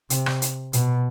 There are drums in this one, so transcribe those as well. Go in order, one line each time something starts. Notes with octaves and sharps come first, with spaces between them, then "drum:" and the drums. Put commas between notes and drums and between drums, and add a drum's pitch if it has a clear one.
C3, drum: hi-hat
drum: rim click
drum: hi-hat
B2, drum: hi-hat